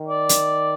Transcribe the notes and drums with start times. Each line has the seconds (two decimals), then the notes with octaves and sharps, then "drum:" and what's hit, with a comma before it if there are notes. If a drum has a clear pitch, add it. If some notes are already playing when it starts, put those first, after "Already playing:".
Already playing: D#3
0.08 D5
0.29 drum: hi-hat